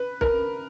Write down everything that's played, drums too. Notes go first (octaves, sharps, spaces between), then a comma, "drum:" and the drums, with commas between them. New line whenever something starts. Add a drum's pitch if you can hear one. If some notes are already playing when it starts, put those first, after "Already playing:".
Already playing: B4
A#4, drum: kick B1